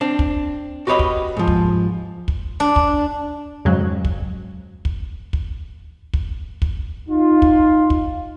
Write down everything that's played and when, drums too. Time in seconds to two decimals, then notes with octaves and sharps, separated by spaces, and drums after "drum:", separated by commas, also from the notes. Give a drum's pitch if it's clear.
0.01 C4 D4
0.19 drum: kick
0.87 F#4 G4 B4 C#5 D#5 B5
0.99 drum: kick
1.37 G#2 F3
1.48 drum: kick
2.28 drum: kick
2.60 D4
2.76 drum: kick
3.65 F2 G#2 C#3 F#3
4.05 drum: kick
4.85 drum: kick
5.33 drum: kick
6.13 drum: kick
6.62 drum: kick
7.09 D#4 F4
7.42 drum: kick
7.90 drum: kick